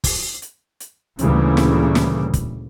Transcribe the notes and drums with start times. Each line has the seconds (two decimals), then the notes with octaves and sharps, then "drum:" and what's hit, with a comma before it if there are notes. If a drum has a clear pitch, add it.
0.04 drum: kick, open hi-hat
0.42 drum: hi-hat
0.80 drum: hi-hat
1.19 D2 A#2 C#3 E3 G3, drum: hi-hat
1.57 drum: snare
1.95 drum: snare
2.34 drum: kick, hi-hat